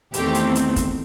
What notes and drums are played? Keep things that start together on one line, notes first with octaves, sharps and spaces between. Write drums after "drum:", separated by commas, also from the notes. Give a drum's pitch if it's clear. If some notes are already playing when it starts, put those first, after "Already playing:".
E2 D#3 A3 C4 G4, drum: hi-hat
drum: hi-hat
drum: hi-hat
drum: kick, hi-hat